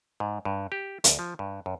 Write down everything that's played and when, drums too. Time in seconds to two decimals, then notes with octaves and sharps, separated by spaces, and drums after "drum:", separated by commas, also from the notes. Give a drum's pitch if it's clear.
0.20 G#2
0.45 G2
0.72 G4
1.04 D2, drum: hi-hat
1.19 F3
1.39 G2
1.66 F#2